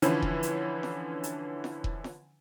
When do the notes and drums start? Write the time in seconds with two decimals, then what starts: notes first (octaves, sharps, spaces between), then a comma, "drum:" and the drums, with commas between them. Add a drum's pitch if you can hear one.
0.02 D3 E3 F3 C#4 B4, drum: hi-hat
0.22 drum: kick E1
0.43 drum: hi-hat
0.83 drum: snare
1.23 drum: hi-hat
1.64 drum: snare
1.84 drum: kick E1
2.04 drum: snare